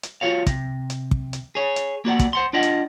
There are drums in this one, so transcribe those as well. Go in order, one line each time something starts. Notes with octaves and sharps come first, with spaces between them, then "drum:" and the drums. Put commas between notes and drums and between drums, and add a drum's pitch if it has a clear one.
drum: hi-hat
F4 F#4 G#4 C#5 F5
C3, drum: kick, hi-hat
drum: hi-hat
drum: kick
drum: hi-hat
G#4 C#5
drum: hi-hat
A#3 F#4 D5 F#5
drum: kick, hi-hat
C5 F#5 C6
D4 F4 D5 D#5 F#5
drum: hi-hat